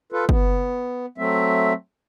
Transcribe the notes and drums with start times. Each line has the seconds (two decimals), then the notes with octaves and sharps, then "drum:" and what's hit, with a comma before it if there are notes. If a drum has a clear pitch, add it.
0.12 F4 A4 B4
0.29 B3, drum: kick
1.18 F#3 A3 C4 E5